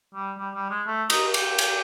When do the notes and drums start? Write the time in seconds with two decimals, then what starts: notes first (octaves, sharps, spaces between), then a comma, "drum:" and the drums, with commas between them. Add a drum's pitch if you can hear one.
0.14 G3
0.38 G3
0.54 G3
0.70 G#3
0.87 A3
1.10 D#4, drum: cymbal
1.34 G4, drum: cymbal
1.58 drum: cymbal